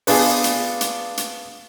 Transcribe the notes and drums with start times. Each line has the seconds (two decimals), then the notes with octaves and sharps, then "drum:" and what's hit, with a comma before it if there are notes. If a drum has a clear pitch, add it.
0.07 B3 D4 F4 G#4, drum: open hi-hat
0.44 drum: hi-hat
0.81 drum: hi-hat
1.17 drum: hi-hat